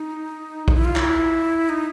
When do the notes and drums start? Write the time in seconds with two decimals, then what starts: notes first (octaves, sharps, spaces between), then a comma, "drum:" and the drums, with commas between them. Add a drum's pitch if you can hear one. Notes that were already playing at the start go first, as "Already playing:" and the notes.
Already playing: D#4
0.68 D#4, drum: kick
0.75 E4
0.85 F4
0.96 E4, drum: clap
1.69 D#4